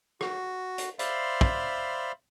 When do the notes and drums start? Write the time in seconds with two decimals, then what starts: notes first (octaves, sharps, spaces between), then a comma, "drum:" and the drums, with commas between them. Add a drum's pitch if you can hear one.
0.21 F#4, drum: rim click
0.78 drum: hi-hat
0.99 C5 D5 E5 F5 B5 C6, drum: hi-hat
1.41 drum: kick